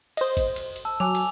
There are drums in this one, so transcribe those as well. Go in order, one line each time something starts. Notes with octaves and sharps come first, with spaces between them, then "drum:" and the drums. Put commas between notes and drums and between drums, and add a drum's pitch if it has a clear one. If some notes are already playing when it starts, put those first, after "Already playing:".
C5 D#5, drum: cymbal
drum: kick, cymbal
drum: cymbal
drum: cymbal
A5 E6
F#3 G#5 D6 F7
drum: cymbal